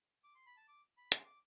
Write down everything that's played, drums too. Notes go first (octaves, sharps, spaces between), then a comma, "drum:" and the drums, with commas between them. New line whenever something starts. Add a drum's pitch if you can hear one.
D6
C6
B5
A5
D6
B5
C6, drum: hi-hat
D6